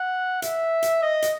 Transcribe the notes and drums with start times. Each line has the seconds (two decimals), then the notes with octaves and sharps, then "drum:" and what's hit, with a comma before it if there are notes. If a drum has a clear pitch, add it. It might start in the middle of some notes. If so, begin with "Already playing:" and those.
Already playing: F#5
0.42 E5, drum: hi-hat
0.82 drum: hi-hat
1.02 D#5
1.22 drum: hi-hat